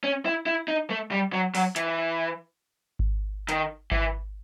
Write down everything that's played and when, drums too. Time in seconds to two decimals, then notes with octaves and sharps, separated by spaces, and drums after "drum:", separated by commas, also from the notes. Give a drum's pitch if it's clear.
0.04 C#4
0.25 E4
0.46 E4
0.68 D#4
0.90 A3
1.11 G3
1.33 F#3
1.55 F#3, drum: open hi-hat
1.76 E3, drum: hi-hat
2.99 drum: kick G#1
3.49 D#3, drum: hi-hat
3.91 E3, drum: kick G#1